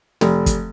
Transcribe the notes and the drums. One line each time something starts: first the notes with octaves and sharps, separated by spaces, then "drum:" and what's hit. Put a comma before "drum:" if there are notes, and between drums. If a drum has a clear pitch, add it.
F1, drum: snare
drum: kick, hi-hat